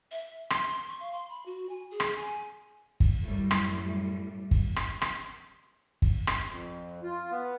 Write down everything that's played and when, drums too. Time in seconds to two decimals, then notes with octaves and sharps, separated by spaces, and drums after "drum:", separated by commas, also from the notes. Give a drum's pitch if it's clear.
0.11 E5
0.50 C6, drum: rim click
0.88 C#6
1.00 F5
1.13 C6
1.29 B5
1.46 F#4
1.69 G#5
1.91 G#4
2.00 drum: rim click
2.17 G#5
3.00 drum: kick
3.20 F#2 A2 G3
3.51 drum: rim click
4.51 drum: kick
4.76 drum: rim click
5.02 drum: rim click
6.02 drum: kick
6.27 drum: rim click
6.48 F2
7.03 F4
7.31 B3